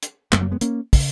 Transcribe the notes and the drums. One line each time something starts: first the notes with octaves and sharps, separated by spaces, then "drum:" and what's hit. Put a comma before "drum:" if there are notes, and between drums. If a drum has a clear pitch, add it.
drum: hi-hat
F#2 C#3 G#3 B3, drum: clap
F#3 A#3
G#3 B3
A#3 C#4, drum: hi-hat
C#3, drum: kick, open hi-hat